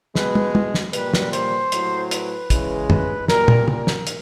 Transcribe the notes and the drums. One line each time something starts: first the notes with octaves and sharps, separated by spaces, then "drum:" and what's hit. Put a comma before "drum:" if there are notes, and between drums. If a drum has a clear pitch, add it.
B2 G#3 B4, drum: snare
drum: tom
drum: tom
drum: snare
A#2 G3 B4, drum: hi-hat
drum: snare
C5, drum: hi-hat
A2 F#3, drum: hi-hat
B4, drum: hi-hat
C#3 E3 G#3, drum: kick, hi-hat
B4, drum: tom
A#2 G3 A#4, drum: snare
drum: tom
A#4, drum: tom
drum: snare
drum: hi-hat